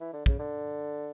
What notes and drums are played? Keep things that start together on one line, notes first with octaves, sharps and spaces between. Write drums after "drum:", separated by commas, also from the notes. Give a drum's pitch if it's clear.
E3
D3
C#3, drum: kick
D3